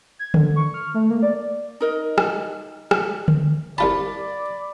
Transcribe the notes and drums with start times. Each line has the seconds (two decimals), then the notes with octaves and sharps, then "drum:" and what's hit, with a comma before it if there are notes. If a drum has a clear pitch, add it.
0.19 G#6
0.34 D3, drum: tom D3
0.56 C#6
0.74 F6
0.94 A3
1.10 A#3
1.23 D5
1.80 D#4 A#4 D#5
2.18 drum: rim click
2.91 drum: rim click
3.28 drum: tom D3
3.78 C2 F4 D5 A5 B5